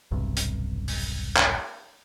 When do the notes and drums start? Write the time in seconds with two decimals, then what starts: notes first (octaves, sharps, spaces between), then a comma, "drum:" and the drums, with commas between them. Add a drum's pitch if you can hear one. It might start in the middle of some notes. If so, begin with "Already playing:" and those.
0.11 D#1 B1 G2 C3
0.37 drum: hi-hat
0.88 drum: open hi-hat
1.36 drum: clap